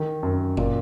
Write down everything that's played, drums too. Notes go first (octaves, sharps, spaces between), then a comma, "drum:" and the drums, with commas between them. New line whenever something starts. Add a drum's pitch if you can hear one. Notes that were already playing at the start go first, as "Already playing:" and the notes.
Already playing: D#3
F#2
A#2, drum: kick F#1